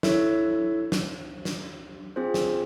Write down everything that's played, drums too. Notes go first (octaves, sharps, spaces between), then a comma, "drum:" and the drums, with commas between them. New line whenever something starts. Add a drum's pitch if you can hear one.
E4 A4 C#5 E5, drum: snare
drum: snare
drum: snare
C4 F4 G#4 C5
drum: snare